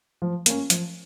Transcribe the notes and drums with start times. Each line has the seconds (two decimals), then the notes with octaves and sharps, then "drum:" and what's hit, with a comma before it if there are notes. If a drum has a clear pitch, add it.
0.22 F3
0.46 A#3 C#4, drum: hi-hat
0.70 F3, drum: hi-hat